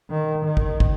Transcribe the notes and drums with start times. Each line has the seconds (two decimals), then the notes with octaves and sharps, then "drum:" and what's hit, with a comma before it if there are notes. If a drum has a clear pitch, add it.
0.10 D#3
0.45 D#3
0.57 drum: kick
0.80 drum: kick